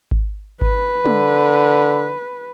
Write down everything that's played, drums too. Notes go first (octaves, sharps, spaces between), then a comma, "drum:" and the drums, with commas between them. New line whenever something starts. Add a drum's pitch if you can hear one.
drum: kick G#1
B4, drum: kick G#1
D3, drum: tom